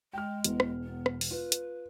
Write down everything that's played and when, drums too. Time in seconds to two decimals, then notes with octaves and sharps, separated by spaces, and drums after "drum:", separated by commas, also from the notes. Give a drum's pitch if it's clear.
0.13 G#3 G5 F6
0.44 E1 E2 B2, drum: hi-hat
0.60 drum: rim click
0.84 B3
1.06 drum: rim click
1.21 drum: open hi-hat
1.31 F4 B4
1.52 drum: hi-hat